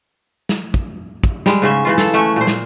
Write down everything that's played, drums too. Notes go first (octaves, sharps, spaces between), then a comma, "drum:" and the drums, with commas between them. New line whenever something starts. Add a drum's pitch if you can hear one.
drum: snare
drum: kick
drum: kick
G3 G#3, drum: snare
G#2 C#3 C#4 E5
C#3 E3 F4
A4, drum: snare
A3 C#4 E5 F#5
A#2 C5
drum: snare